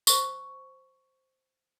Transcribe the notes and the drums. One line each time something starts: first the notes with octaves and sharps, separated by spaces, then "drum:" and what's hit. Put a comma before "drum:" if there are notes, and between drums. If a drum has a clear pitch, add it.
C5 C#6, drum: tambourine